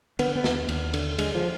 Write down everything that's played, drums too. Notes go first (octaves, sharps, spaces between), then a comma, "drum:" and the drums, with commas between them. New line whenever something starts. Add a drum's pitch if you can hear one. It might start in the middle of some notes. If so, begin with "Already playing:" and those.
D3 B3, drum: cymbal
B3
D#2, drum: snare
D#2, drum: cymbal
D3, drum: cymbal
D3 G#3, drum: cymbal
F3